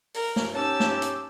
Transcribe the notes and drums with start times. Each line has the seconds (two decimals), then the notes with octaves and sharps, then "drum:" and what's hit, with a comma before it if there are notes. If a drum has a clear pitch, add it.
0.14 A#4, drum: open hi-hat
0.36 drum: snare
0.54 C#4 D#4 G4 A5 E6
0.80 drum: snare
1.02 drum: hi-hat